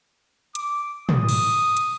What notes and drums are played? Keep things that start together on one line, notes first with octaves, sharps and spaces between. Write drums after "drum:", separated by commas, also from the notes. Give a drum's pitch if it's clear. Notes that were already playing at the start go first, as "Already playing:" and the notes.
D6, drum: hi-hat
D#6, drum: tom
drum: cymbal
drum: hi-hat